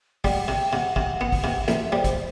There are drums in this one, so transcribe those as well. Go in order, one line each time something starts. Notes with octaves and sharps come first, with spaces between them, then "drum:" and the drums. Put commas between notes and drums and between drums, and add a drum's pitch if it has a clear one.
G3 F#5, drum: kick, open hi-hat
C3 G5
C3 F#5
C3 F#5, drum: kick
B3
drum: kick, open hi-hat
C3
A1 E5, drum: hi-hat
G3 C5
drum: kick, hi-hat